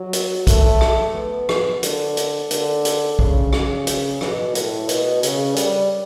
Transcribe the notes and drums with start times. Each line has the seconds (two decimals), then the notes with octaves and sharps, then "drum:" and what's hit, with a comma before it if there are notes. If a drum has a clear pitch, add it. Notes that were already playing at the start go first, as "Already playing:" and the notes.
Already playing: F#3
0.13 drum: hi-hat
0.47 A3, drum: kick, hi-hat
0.81 drum: rim click
1.15 B3
1.49 drum: rim click
1.83 D3, drum: hi-hat
2.17 drum: hi-hat
2.51 D3, drum: hi-hat
2.85 drum: hi-hat
3.19 C#3, drum: kick
3.53 C#3, drum: rim click
3.87 drum: hi-hat
4.21 B2, drum: rim click
4.55 A2, drum: hi-hat
4.89 B2, drum: hi-hat
5.23 C#3, drum: hi-hat
5.56 G3, drum: hi-hat